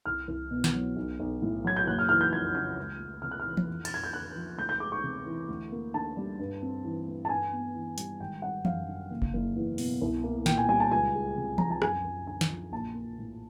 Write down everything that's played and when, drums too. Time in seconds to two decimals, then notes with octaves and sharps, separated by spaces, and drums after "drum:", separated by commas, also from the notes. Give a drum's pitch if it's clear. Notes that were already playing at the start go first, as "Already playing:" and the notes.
0.06 C2 F6
0.28 C2
0.51 B2
0.64 drum: snare
0.74 F#3
0.96 B1
1.19 B1
1.42 A2
1.64 F#3 G#6
1.76 G6
1.87 F#1 F#6
1.99 F6
2.09 E3 F6
2.21 G6
2.32 F2 G#6
2.54 C#3 G6
2.77 C#2
3.00 A3
3.22 C3 F6
3.31 F#6
3.40 F6
3.45 E3
3.57 drum: tom E3
3.67 F2
3.85 A6, drum: cymbal
3.90 F2 G#6
4.04 G6
4.13 D3 F#6
4.36 F3
4.58 D2 G6
4.69 G6
4.80 G#3 D6
4.92 C#6
5.03 C3
5.26 E3
5.49 D2
5.72 A#3
5.94 D3 A5
6.17 G3
6.39 G2
6.62 C4
6.84 E3
7.08 A3
7.25 A5
7.29 G2 G#5
7.53 B3
7.75 E3
7.98 G3, drum: hi-hat
8.20 G#1 G5
8.42 G3 F#5
8.65 F#2 F5, drum: tom E3
8.88 D3
9.10 F#1
9.22 drum: kick F1
9.34 F#1
9.56 E2
9.78 B2, drum: open hi-hat
10.01 C2
10.24 A#3
10.46 A#2 G5, drum: snare
10.58 G#5
10.68 G3 G#5
10.80 A5
10.91 C#2 G#5
11.15 G#3
11.37 C3
11.58 F3 A#5, drum: tom E3
11.71 A5
11.82 F#2 G#5, drum: rim click
12.05 F#2
12.27 D3 G#5
12.41 drum: snare
12.50 F3
12.72 A#1 A5
12.95 A#3
13.18 A2